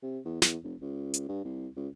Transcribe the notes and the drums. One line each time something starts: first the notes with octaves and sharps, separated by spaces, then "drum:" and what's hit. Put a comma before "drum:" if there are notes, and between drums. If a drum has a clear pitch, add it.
C3
E2
E2, drum: snare
F1
C#2
drum: hi-hat
G2
C2
C#2